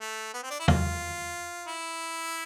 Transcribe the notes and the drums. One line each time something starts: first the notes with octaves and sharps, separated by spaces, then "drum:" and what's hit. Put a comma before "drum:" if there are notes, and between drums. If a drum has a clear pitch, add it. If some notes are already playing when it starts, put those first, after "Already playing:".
A3
B3
C4
D4
E4
F4, drum: tom E2
E4